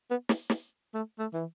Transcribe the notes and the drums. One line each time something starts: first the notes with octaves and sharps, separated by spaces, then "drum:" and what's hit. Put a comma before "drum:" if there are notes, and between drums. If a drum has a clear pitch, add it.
B3
drum: snare
drum: snare
A3
A3
E3